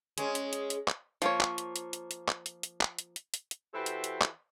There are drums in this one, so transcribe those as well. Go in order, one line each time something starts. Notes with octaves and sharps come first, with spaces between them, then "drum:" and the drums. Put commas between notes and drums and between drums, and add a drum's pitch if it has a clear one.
G#3 C#4, drum: hi-hat
drum: hi-hat
drum: hi-hat
drum: hi-hat
drum: clap
F3 A#3 C#5, drum: hi-hat
drum: clap
drum: hi-hat
drum: hi-hat
drum: hi-hat
drum: hi-hat
drum: clap
drum: hi-hat
drum: hi-hat
drum: clap
drum: hi-hat
drum: hi-hat
drum: hi-hat
drum: hi-hat
E3 F#4 G4 A4 B4 C5
drum: hi-hat
drum: hi-hat
drum: clap